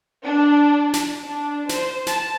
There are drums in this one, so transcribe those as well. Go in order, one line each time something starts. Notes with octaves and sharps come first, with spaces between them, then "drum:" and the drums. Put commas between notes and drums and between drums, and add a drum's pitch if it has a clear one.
D4
drum: snare
D4
C5, drum: snare
A5, drum: snare